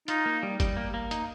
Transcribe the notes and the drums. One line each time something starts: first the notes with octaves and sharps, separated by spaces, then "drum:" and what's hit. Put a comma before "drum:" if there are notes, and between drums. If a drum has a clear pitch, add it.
D#4 F4, drum: hi-hat
A#3
G3
G3, drum: kick G1, hi-hat
A#3
A#3
D#4, drum: hi-hat